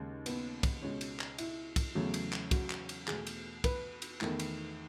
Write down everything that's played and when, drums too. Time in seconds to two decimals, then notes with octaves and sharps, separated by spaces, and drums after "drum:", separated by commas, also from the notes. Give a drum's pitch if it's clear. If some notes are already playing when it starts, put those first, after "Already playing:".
Already playing: D#2 C#3 G#3
0.26 B3, drum: cymbal
0.63 drum: kick, cymbal
0.82 C#2 B2 G#3 C#4
1.01 drum: cymbal
1.20 drum: clap
1.38 E4, drum: cymbal
1.76 drum: kick, cymbal
1.95 E2 C#3 F#3 A3
2.14 drum: cymbal
2.33 drum: clap
2.51 F#4, drum: kick, cymbal
2.70 drum: clap
2.89 drum: cymbal
3.08 E2 B2 A3 G#4, drum: clap
3.27 drum: cymbal
3.64 B4, drum: kick, cymbal
4.02 drum: cymbal
4.21 E2 D#3 A3, drum: clap
4.39 drum: cymbal